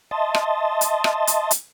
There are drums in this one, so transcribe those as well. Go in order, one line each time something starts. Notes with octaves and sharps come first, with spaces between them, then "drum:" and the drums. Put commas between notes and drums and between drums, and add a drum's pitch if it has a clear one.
D#5 E5 A5 C6 D#6 A6
drum: rim click
drum: hi-hat
drum: rim click
drum: hi-hat
drum: hi-hat